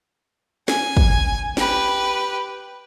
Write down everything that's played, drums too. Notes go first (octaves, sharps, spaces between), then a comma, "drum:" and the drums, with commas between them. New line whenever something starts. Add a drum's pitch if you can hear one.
G#5, drum: snare
drum: kick
G4 B4, drum: snare